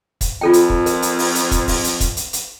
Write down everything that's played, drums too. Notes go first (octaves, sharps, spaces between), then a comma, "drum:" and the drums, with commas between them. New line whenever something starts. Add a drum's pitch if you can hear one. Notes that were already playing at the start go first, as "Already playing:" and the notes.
drum: kick, hi-hat
F2 F4 A4 G5
drum: hi-hat
drum: kick
A#4, drum: hi-hat
drum: hi-hat
drum: open hi-hat
drum: hi-hat
drum: kick, hi-hat
drum: kick, open hi-hat
drum: hi-hat
drum: kick, hi-hat
drum: hi-hat
drum: hi-hat